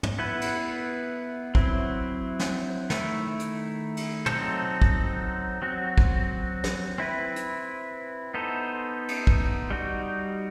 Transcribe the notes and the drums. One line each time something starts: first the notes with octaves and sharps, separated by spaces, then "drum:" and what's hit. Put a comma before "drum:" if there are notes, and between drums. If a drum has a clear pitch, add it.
drum: tom
B3 E4 B4
drum: cymbal
F#3 C4 E4, drum: kick
drum: snare
D#3 A3 E4, drum: snare
drum: hi-hat
drum: cymbal
F#3 C4 D#4 A4 C5, drum: tom
drum: kick
F#3 C4 F#4
drum: kick
drum: snare
C4 E4 B4
drum: hi-hat
B3 D#4 A4 C5
drum: cymbal
drum: kick
G3 D#4 F#4